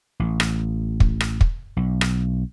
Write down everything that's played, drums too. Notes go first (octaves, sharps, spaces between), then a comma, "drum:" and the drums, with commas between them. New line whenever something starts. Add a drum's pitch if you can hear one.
A1
drum: rim click
drum: kick
drum: rim click
drum: kick
B1
drum: rim click